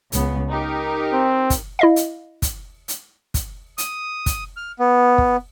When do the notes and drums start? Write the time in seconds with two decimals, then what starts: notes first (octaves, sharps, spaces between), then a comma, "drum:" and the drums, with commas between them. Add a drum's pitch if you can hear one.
0.12 C#2 C#3 B3, drum: hi-hat
0.49 D#4 G4 A#4
1.13 C4
1.50 drum: kick, hi-hat
1.79 E4 D#5 F5
1.96 drum: hi-hat
2.42 drum: kick, hi-hat
2.88 drum: hi-hat
3.34 drum: kick, hi-hat
3.78 D#6, drum: hi-hat
4.26 drum: kick, hi-hat
4.57 F6
4.79 B3
5.18 drum: kick